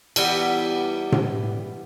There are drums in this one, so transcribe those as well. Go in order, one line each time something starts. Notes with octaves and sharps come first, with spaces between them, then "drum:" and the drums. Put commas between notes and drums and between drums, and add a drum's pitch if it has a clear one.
E3 G3 B3, drum: cymbal
drum: tom A2